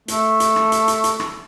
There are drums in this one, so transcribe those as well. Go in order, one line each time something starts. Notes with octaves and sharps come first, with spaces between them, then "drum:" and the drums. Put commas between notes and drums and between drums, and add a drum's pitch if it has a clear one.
A3, drum: hi-hat
drum: hi-hat
drum: rim click
drum: hi-hat
drum: hi-hat
drum: hi-hat
drum: rim click